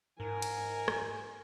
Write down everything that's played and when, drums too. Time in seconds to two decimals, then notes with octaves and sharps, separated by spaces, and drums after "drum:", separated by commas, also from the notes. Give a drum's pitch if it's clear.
0.20 G#2 A#4 G#5
0.42 drum: cymbal
0.88 drum: rim click